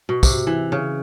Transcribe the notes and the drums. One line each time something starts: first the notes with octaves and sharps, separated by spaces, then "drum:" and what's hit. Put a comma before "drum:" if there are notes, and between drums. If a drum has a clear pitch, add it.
B2
C3, drum: kick, tambourine
E3
C#3